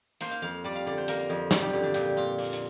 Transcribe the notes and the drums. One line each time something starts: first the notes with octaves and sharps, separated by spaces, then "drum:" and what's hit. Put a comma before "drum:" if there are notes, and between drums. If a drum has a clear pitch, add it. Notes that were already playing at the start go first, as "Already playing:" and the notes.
A#3 C5, drum: hi-hat
F5
F2 F5
G3 D5
F5
D3 D5
C5
A#3 A#4, drum: hi-hat
F2
G3 D4, drum: snare
G4
D3 G4
D4
A#2 G4, drum: hi-hat
A#2 F4
A#3, drum: open hi-hat
drum: hi-hat